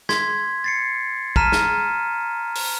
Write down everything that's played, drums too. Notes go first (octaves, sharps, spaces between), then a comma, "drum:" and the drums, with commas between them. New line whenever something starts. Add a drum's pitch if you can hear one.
C6 G#6 B6, drum: snare
A6 C7 C#7
A5 A#5 F6 B6 D#7 E7, drum: kick
drum: snare
drum: open hi-hat